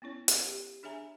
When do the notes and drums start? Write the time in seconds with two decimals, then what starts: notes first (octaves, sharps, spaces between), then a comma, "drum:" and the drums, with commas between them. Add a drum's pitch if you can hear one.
0.02 B3 C#4 E4 C#5
0.28 drum: hi-hat
0.45 G4
0.83 D4 G#4 C#5 E5 G#5 A#5